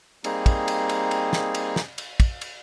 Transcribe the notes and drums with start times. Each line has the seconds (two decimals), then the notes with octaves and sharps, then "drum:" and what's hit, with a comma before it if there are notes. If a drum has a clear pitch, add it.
0.24 G3 A#3 C4 D#4 G#4, drum: cymbal
0.46 drum: kick, cymbal
0.68 drum: cymbal
0.89 drum: cymbal
1.11 drum: cymbal
1.33 drum: snare
1.55 drum: cymbal
1.76 drum: snare
1.98 drum: cymbal
2.20 drum: kick, cymbal
2.41 drum: cymbal